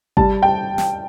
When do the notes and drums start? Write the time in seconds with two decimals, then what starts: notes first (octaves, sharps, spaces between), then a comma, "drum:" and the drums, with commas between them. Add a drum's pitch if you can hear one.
0.17 G3 A5, drum: kick G#1
0.43 G5
0.78 drum: snare